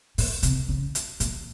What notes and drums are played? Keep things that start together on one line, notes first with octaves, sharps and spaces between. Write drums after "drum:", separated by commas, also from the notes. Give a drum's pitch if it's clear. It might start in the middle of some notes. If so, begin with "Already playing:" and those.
A#2, drum: open hi-hat
C3, drum: hi-hat
C#3
drum: hi-hat
A#2, drum: hi-hat